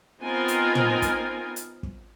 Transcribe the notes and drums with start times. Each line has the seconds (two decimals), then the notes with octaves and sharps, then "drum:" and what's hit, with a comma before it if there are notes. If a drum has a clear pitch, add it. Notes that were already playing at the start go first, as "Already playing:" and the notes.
0.21 B3 C4 D#4 F4 A#4 G#5
0.48 drum: hi-hat
0.75 drum: tom
1.02 drum: kick, hi-hat
1.56 drum: hi-hat
1.83 drum: kick